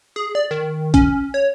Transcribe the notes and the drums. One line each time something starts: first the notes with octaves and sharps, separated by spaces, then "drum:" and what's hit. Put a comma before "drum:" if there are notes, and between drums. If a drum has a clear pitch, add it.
G#4
D5
D#3
C#4, drum: kick, hi-hat
C#5